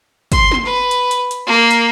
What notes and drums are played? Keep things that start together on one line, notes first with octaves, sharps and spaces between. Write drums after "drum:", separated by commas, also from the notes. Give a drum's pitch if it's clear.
C6, drum: kick, hi-hat
drum: snare
B4
drum: hi-hat
drum: hi-hat
drum: hi-hat
A#3
drum: hi-hat